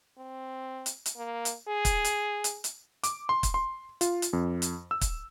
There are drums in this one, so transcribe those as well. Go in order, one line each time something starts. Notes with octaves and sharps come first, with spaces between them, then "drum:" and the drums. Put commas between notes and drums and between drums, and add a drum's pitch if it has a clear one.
C4
drum: hi-hat
drum: hi-hat
A#3
drum: hi-hat
G#4
drum: kick, hi-hat
drum: hi-hat
drum: hi-hat
drum: hi-hat
D6, drum: hi-hat
C6
drum: kick, hi-hat
C6
F4, drum: hi-hat
drum: hi-hat
F2
drum: hi-hat
E6
drum: kick, hi-hat